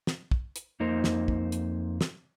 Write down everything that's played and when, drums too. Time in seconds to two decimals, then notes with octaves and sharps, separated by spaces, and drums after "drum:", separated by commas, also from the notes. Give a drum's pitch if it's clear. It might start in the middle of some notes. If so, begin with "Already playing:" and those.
0.07 drum: snare
0.31 drum: kick
0.56 drum: hi-hat
0.80 F2 A#3 D#4 A#4 C5
1.04 drum: snare
1.28 drum: kick
1.52 drum: hi-hat
2.01 drum: snare